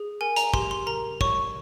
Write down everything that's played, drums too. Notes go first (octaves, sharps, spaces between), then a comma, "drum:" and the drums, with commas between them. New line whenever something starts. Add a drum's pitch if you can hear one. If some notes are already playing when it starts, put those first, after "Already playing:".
Already playing: G#4
A#4 G#5
A#5, drum: hi-hat
G4 C6, drum: kick
C6
A#4 A#5
C#5 C#6, drum: kick